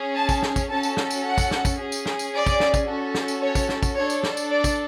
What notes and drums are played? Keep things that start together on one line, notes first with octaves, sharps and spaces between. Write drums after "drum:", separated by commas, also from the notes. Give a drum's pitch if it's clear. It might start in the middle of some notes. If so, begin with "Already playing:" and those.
Already playing: C#4 G#4
A5
drum: kick, tambourine
drum: snare
drum: kick, tambourine
C#4 F#4 A4 A5
drum: tambourine
drum: snare
drum: tambourine
F#5
drum: kick, tambourine
drum: snare
drum: kick, tambourine
C#4 G#4
drum: tambourine
drum: snare
drum: tambourine
D5
drum: kick, tambourine
drum: snare
drum: kick, tambourine
C#4 F#4 A4
drum: snare
drum: tambourine
C#5
drum: kick, tambourine
drum: snare
drum: kick, tambourine
D4 A4 C#5
drum: tambourine
drum: snare
drum: tambourine
D5
drum: kick, tambourine